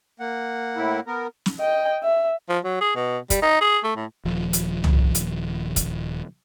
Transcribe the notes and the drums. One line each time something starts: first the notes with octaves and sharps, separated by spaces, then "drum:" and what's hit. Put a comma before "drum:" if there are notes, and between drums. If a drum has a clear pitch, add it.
A#3 F#5
A2 E4
B3 A#4
drum: snare
D#5 G5
E5
F3
F#3
G#4
B2
G3, drum: kick, hi-hat
D#4
G#4
A3
A2
D#1 F3
drum: hi-hat
drum: tom
drum: hi-hat
drum: kick, hi-hat